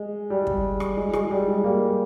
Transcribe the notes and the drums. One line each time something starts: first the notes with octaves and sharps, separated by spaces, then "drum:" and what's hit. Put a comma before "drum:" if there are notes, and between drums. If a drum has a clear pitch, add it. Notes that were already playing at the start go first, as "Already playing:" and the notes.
Already playing: G#3
G3
drum: kick
drum: rim click
G#3
G#3, drum: rim click
G3
G#3
G3 A#3